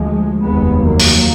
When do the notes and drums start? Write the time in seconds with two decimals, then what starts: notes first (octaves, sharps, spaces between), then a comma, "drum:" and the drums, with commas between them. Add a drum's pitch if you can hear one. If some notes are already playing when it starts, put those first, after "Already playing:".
Already playing: D2 F3 G#3
0.44 F1 D#2 G#3 B3
0.84 F#3 A#3
1.00 drum: open hi-hat